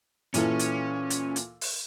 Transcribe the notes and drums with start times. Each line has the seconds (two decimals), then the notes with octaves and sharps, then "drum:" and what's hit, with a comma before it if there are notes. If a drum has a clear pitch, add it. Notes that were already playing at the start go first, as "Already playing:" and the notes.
0.34 A#2 E3 C#4 A4, drum: hi-hat
0.59 drum: hi-hat
1.10 drum: hi-hat
1.36 drum: hi-hat
1.61 drum: open hi-hat